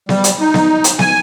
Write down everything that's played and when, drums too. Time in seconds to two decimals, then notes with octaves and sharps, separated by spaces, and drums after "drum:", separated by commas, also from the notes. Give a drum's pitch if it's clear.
0.09 G3, drum: snare B3
0.24 drum: hi-hat
0.40 D#4
0.54 drum: snare B3
0.84 drum: hi-hat
0.99 G#5, drum: snare B3